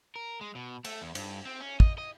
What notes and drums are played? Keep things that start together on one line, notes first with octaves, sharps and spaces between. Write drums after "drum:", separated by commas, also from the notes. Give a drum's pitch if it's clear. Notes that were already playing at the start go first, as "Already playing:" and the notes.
A#4
G#3
B2
A3, drum: cymbal
E2
G2, drum: cymbal
C4
C#4
D#5, drum: kick
D#5